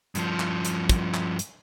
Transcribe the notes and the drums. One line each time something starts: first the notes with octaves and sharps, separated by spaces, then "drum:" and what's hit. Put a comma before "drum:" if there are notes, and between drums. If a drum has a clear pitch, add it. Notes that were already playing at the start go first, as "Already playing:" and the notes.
G2 F3, drum: hi-hat
drum: clap
drum: hi-hat
drum: kick, hi-hat
drum: clap
drum: hi-hat